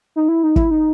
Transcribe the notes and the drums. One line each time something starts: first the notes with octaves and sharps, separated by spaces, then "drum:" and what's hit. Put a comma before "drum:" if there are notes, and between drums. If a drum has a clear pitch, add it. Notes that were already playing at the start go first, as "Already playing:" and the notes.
D#4
E4
D#4
E4, drum: kick
D#4